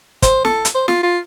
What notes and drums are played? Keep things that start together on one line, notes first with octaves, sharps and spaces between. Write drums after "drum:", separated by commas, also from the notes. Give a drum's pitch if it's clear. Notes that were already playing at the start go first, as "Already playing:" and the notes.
C5, drum: kick, hi-hat
A4, drum: snare
drum: hi-hat
C5
F4, drum: snare
F4